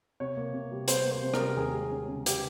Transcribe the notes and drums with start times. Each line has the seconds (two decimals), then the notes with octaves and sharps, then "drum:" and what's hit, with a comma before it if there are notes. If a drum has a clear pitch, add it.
0.20 C3 C#5
0.37 A#3
0.53 C3
0.71 G3
0.88 C3 C5, drum: hi-hat
1.05 A#3
1.11 C5
1.22 C3
1.34 A#4, drum: rim click
1.40 G3
1.57 D#2 G#4
1.74 G#3
1.92 C#4
2.08 C#3
2.26 G4, drum: hi-hat